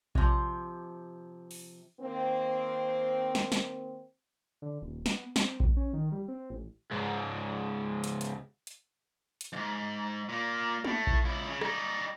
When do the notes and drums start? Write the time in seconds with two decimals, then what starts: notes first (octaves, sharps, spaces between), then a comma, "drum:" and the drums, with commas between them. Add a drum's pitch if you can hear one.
0.15 C3 F3, drum: kick A#1
1.51 drum: open hi-hat
2.00 D#3 A#3 C4
3.35 drum: snare
3.52 drum: snare
4.62 D3
4.82 D#1
5.06 B3, drum: snare
5.36 C4, drum: snare
5.60 G#1, drum: kick A#1
5.77 C#4
5.93 D#3
6.12 G3
6.28 C4
6.50 A1
6.91 C#2 G#2
8.04 drum: hi-hat
8.21 drum: hi-hat
8.67 drum: hi-hat
9.41 drum: hi-hat
9.53 F2 G#2
10.29 A#2 A#3
10.85 A2 A3, drum: tom
11.07 drum: kick A#1
11.24 C#2 E4
11.48 C#3
11.61 G3 D#4, drum: rim click